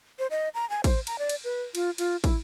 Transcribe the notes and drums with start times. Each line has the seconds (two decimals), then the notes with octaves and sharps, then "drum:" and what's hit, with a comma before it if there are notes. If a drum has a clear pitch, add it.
0.19 C5
0.31 D#5
0.54 A#5
0.70 G#5
0.84 C5, drum: kick, cymbal
1.07 A#5, drum: cymbal
1.19 D5
1.29 drum: cymbal
1.44 B4
1.75 F4, drum: cymbal
1.98 F4, drum: cymbal
2.24 E4, drum: kick, cymbal